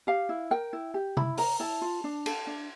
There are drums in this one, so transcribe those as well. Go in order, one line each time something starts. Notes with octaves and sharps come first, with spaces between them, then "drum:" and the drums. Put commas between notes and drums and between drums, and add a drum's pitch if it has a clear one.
G4 F5
E4
A#4 G5
E4
G4
E4 B5, drum: tom C3
A#4 A#5, drum: open hi-hat
E4 A5
F4
D4
A4, drum: cymbal
D4